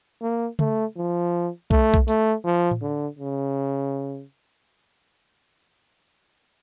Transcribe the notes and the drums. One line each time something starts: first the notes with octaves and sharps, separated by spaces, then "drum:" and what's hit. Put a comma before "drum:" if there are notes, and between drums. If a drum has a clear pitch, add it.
A#3
A3, drum: tom C#3
F3
A3, drum: kick B1
drum: kick B1
A3, drum: hi-hat
F3
drum: tom A2
D3
C#3